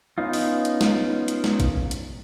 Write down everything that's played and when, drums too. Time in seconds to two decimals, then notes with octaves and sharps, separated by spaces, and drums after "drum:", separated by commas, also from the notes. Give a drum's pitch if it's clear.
0.18 B3 C#4 D#4 F4
0.33 drum: open hi-hat
0.65 drum: hi-hat
0.81 drum: snare
1.28 drum: hi-hat
1.44 drum: snare
1.60 drum: kick, hi-hat
1.91 drum: hi-hat